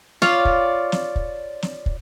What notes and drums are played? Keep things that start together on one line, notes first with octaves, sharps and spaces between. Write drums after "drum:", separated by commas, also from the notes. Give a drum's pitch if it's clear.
F4 C#5 D5 F5, drum: snare
drum: kick
drum: snare
drum: kick
drum: snare
drum: kick